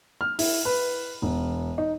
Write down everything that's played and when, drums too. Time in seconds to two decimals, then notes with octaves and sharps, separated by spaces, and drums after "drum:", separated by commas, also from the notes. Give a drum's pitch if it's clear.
0.21 F6
0.39 E4, drum: open hi-hat
0.65 B4
1.22 E1
1.78 D#4